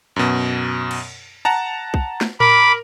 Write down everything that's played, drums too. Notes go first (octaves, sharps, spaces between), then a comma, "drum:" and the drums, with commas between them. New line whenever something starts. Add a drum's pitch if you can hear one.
F#2 B2
drum: cymbal
F#5 A5 A#5
drum: kick B1
drum: snare
A#4 B5 D6, drum: tom A2